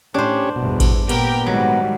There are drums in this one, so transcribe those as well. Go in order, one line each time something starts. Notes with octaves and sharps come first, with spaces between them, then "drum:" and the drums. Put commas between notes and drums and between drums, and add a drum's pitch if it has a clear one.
A2 C#4 D4 G4 C5 C#5
G1 E2 B2
drum: kick A1, cymbal
A#2 B3 G4 A#4 G5, drum: cymbal
G#2 D#3 F#3 G3